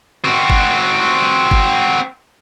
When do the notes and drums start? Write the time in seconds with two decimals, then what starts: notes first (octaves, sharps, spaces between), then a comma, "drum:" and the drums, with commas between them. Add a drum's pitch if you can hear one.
0.25 C4 F#4
0.50 drum: kick G1
1.51 drum: kick G1